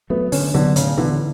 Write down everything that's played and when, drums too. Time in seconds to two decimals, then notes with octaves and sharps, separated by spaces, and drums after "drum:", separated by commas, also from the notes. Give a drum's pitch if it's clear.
0.10 F#3 A3 B3
0.32 D3 C#4, drum: open hi-hat
0.54 D3 F#3 B3 D4
0.76 A2 C#3, drum: hi-hat
0.97 D3 E3 B3